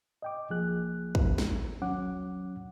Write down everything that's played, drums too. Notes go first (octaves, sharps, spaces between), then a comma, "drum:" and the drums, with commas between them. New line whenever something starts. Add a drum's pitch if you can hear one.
D#5 G5 D6
C2 F3 A#3 G#4 F#6
drum: kick
drum: snare
D#2 F#3 C#4 F#5 D6